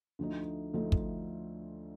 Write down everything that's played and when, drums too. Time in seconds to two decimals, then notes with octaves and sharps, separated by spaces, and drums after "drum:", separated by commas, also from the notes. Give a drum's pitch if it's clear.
0.19 D2 D3 F3 A3 D#4
0.74 D2 D3 F3 A3 D#4
0.92 drum: kick